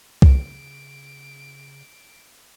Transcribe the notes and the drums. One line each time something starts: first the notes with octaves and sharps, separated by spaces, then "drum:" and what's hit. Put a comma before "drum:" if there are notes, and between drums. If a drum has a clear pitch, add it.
C#3 D7, drum: kick C2